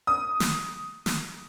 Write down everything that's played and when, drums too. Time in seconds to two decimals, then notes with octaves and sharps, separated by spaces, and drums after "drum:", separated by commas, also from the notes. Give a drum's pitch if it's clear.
0.07 D#6
0.40 drum: snare
1.06 drum: snare